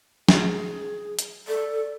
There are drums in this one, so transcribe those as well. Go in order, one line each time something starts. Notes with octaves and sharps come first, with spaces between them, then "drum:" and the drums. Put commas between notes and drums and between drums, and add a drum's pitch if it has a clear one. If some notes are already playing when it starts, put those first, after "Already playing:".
G#4, drum: snare
drum: hi-hat
A4 D5